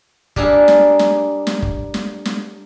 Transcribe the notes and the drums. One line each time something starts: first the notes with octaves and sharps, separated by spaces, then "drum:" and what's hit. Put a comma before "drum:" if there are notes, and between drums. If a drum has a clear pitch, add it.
G3 A#3 D4 G#4 E5, drum: kick
drum: snare
drum: snare
drum: snare
drum: kick
drum: snare
drum: snare